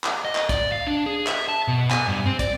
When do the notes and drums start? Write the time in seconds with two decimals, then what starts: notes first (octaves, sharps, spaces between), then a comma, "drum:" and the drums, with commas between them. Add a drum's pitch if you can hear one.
0.04 drum: clap
0.25 D#5
0.35 drum: clap
0.49 D5, drum: kick, hi-hat
0.72 F5
0.87 D4
1.06 G#4
1.27 E5, drum: clap
1.49 A5
1.68 B2
1.91 G#5, drum: clap
2.08 G2
2.26 C4
2.39 D5, drum: kick, hi-hat